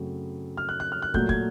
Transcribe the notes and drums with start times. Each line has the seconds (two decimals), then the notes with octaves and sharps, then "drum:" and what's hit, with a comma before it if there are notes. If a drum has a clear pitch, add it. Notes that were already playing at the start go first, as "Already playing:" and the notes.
Already playing: F#2 C#3 F#3 A3 C4
0.57 F6
0.69 F#6
0.80 F#6
0.92 F6
1.02 F#6
1.14 A#2 F#3 A3 G6, drum: kick
1.29 G#6, drum: kick